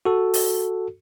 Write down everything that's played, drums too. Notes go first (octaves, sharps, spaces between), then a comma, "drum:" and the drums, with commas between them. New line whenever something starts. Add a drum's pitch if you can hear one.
F#4 A4
drum: open hi-hat